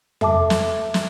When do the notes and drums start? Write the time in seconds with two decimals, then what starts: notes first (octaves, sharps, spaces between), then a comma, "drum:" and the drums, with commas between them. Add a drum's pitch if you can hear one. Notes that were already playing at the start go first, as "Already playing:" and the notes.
0.21 A4 E5 A5 D6, drum: tom F2
0.50 drum: snare
0.94 drum: snare